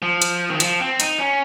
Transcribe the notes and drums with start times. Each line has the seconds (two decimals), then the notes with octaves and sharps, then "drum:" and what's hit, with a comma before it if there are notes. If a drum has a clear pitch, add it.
0.02 F3
0.22 drum: hi-hat
0.50 D#3
0.60 F3, drum: hi-hat
0.80 C4
1.00 D#4, drum: hi-hat
1.19 C#4